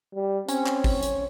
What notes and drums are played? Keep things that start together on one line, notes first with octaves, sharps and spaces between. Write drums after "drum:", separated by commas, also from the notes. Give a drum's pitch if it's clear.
G3
C4 C#4, drum: hi-hat
drum: clap
drum: kick G#1, open hi-hat
drum: hi-hat